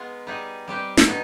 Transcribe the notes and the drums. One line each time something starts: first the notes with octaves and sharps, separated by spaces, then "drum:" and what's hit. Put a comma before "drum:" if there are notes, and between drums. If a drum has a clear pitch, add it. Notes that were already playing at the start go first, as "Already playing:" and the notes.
Already playing: G#3 B3 D#4 F4
G3 B3 D#4 G#4
G3 C4 G4 B4
drum: snare
B2 B3 D#4